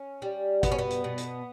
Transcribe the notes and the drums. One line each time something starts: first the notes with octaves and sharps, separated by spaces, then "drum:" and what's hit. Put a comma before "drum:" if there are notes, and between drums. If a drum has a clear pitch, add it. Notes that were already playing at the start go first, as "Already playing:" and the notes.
Already playing: C#4
G3
B2 B3, drum: kick G#1, hi-hat
C#4
B3
drum: hi-hat
B2
drum: hi-hat